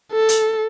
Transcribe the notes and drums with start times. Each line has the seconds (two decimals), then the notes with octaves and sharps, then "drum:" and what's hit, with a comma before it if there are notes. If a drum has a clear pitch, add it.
0.12 A4
0.29 drum: hi-hat